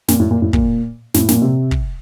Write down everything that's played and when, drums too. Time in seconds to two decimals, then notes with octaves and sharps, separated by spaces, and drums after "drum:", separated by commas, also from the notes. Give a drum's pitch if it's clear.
0.08 A#2, drum: snare
0.20 A2
0.31 A#2
0.42 A2
0.53 A#2, drum: kick
1.14 A2, drum: snare
1.29 A#2, drum: snare
1.42 C3
1.71 drum: kick